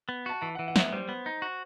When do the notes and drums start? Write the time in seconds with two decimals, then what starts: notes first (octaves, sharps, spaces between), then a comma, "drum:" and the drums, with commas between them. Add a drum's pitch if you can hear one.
0.09 B3
0.26 F#4 A5
0.42 E3 A5
0.55 F#5
0.59 E3
0.68 F#5
0.76 B3 E5, drum: snare
0.92 G3 C5
1.09 B3
1.26 D#4
1.42 F#4